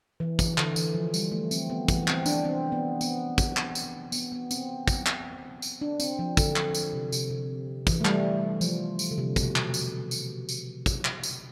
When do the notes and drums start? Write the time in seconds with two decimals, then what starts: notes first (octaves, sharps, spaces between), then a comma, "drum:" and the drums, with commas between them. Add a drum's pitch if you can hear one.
0.20 E3
0.39 E3, drum: kick, tambourine
0.58 D3, drum: clap
0.76 E3, drum: tambourine
0.95 F3
1.14 G3, drum: tambourine
1.32 A3
1.51 C4, drum: tambourine
1.70 B3
1.88 E3, drum: kick, tambourine
2.08 C4, drum: clap
2.26 D4, drum: tambourine
2.45 C4
2.72 B3
3.01 B3, drum: tambourine
3.38 drum: kick, tambourine
3.57 drum: clap
3.75 drum: tambourine
4.12 B3, drum: tambourine
4.32 B3
4.51 C4, drum: tambourine
4.88 drum: kick, tambourine
5.06 drum: clap
5.62 drum: tambourine
5.81 D4
6.00 C4, drum: tambourine
6.19 F3
6.37 D3, drum: kick, tambourine
6.56 drum: clap
6.75 drum: tambourine
6.93 C3
7.12 C3, drum: tambourine
7.30 C3
7.87 E3, drum: kick, tambourine
8.01 A3
8.05 G3, drum: clap
8.61 F3, drum: tambourine
8.99 drum: tambourine
9.11 D3
9.18 C3
9.36 B2, drum: kick, tambourine
9.56 C3, drum: clap
9.74 drum: tambourine
10.11 drum: tambourine
10.49 drum: tambourine
10.86 drum: kick, tambourine
11.05 drum: clap
11.23 drum: tambourine